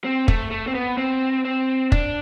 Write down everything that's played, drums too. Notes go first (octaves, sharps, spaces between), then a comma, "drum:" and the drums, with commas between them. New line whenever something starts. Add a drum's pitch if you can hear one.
C4
A3, drum: kick
A3
C4
B3
C4
C4
D4, drum: kick